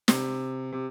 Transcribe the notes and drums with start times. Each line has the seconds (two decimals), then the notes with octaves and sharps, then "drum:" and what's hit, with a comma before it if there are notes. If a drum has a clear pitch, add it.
0.08 C3, drum: snare
0.72 C3